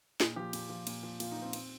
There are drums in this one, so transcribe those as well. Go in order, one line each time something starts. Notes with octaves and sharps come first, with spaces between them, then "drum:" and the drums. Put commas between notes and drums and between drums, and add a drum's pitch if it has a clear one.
A#2 G#4, drum: snare
F3 G4
A#2, drum: cymbal
F3
A#2, drum: cymbal
F3
A#2 F4, drum: cymbal
D#4
F3
C4
C4, drum: cymbal